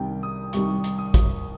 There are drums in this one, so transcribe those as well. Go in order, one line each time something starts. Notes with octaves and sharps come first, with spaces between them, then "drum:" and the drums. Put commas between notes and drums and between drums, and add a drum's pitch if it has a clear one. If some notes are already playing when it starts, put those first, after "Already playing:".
Already playing: C2 C3 D#3 G3 G5
D#6
C2 C3 D#3 G3 C#6, drum: hi-hat
drum: hi-hat
D#6
drum: kick, hi-hat